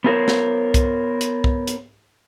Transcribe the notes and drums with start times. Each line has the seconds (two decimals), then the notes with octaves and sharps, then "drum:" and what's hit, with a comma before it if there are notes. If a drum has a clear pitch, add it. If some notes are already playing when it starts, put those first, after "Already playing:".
0.04 B3 E4 F4 A#4 C5 C#5
0.28 drum: snare
0.74 drum: kick, hi-hat
1.21 drum: hi-hat
1.44 drum: kick
1.67 drum: hi-hat